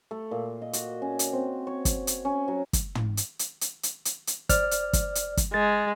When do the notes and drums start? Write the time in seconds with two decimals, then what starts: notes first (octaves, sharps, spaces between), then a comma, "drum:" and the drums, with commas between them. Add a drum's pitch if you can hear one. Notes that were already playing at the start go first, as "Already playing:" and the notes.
0.11 A3
0.31 A#2
0.62 D#5
0.73 F#4, drum: hi-hat
1.02 C#4
1.19 drum: hi-hat
1.33 C4
1.67 C#5
1.85 drum: kick, hi-hat
2.07 drum: hi-hat
2.25 C#4
2.48 F#3
2.73 drum: kick, hi-hat
2.95 drum: tom
3.17 drum: hi-hat
3.39 drum: hi-hat
3.61 drum: hi-hat
3.83 drum: hi-hat
4.05 drum: hi-hat
4.27 drum: hi-hat
4.49 C5 D5 F6, drum: kick, hi-hat
4.71 drum: hi-hat
4.93 drum: kick, hi-hat
5.15 drum: hi-hat
5.37 drum: kick, hi-hat
5.54 G#3 A6